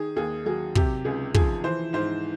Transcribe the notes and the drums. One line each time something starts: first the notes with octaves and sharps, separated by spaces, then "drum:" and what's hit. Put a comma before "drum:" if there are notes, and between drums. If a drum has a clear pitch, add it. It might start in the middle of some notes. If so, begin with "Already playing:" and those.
Already playing: D#3 G#4
D#2 G#4
F#3 G#4
C3 G4, drum: kick
C#2 G#4
F3 G#4, drum: kick
E3 C5
G#2 C5